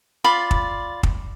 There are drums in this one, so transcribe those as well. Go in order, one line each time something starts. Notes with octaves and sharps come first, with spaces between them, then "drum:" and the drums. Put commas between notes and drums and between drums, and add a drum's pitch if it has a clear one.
F4 D5 B5
drum: kick
drum: kick